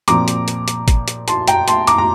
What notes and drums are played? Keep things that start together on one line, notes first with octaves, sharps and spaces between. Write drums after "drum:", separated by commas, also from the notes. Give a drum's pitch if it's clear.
A#2 F3 C4 A#5 D6, drum: hi-hat
drum: hi-hat
drum: hi-hat
drum: hi-hat
drum: kick G#1, hi-hat
drum: hi-hat
A5 C6, drum: hi-hat
G5 A#5, drum: hi-hat
A5 C6, drum: hi-hat
A#5 D6, drum: hi-hat
A#5